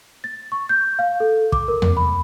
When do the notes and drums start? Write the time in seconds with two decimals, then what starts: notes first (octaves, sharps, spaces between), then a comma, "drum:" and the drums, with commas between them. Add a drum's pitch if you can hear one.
0.24 A6
0.52 C#6
0.69 G6
0.99 F5
1.20 A4
1.52 D6, drum: kick
1.68 A#4
1.82 drum: tom E2
1.97 B5